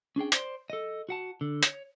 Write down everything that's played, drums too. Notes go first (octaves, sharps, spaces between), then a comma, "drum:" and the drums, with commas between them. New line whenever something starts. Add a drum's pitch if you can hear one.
C#4 D4 G#4 G5
C5 D5 C6, drum: hi-hat
A4 D#5
F#4 F#5 A5
D3
C#5, drum: hi-hat